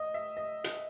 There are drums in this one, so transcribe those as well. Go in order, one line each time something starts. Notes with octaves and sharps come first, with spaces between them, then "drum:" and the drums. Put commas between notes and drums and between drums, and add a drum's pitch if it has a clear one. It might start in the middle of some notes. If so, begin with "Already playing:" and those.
Already playing: D#5
E5
D#5
drum: hi-hat